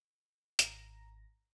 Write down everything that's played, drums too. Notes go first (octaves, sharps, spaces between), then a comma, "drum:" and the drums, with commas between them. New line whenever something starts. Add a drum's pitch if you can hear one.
G#1 A#5 A#6, drum: hi-hat